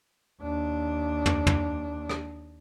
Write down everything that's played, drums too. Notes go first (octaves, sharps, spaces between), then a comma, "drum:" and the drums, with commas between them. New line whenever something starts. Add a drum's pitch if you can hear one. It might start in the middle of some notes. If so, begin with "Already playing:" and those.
D#2 D4
drum: tom
drum: tom
drum: rim click